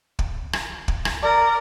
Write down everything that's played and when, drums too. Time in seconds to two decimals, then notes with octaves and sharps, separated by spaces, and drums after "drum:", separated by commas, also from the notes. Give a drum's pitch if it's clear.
0.19 drum: kick
0.53 drum: rim click
0.88 drum: kick
1.05 drum: rim click
1.22 A#4 D5